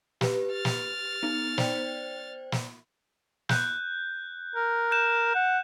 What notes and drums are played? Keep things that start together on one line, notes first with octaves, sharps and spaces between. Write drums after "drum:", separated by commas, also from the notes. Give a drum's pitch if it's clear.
G4 B4, drum: snare
F6 A6
drum: snare
B3 D#4
C5 D5 G5, drum: snare
drum: snare
F#6 G6, drum: snare
A#4
F#6 G6 E7
F#5